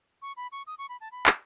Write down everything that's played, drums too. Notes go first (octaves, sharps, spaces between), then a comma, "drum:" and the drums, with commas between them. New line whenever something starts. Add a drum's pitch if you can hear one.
C#6
B5
C#6
D#6
C#6
B5
A5
B5
drum: clap